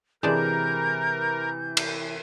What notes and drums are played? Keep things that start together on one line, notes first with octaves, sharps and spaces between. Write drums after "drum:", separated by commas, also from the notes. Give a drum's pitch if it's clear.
C3 E3 G#3 D4 A#4 G6
drum: cymbal